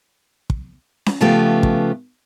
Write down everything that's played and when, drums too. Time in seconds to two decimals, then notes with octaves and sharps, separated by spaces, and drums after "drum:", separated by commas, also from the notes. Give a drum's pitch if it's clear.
0.50 drum: kick
1.06 drum: snare C#4
1.21 C#3 F3 A3 B3 F4 G4
1.63 drum: kick